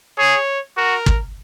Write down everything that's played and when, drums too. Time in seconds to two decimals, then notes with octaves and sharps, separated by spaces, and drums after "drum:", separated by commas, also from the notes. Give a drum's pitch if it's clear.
0.18 G#4 C#5
0.77 F#4 A#4
1.06 drum: kick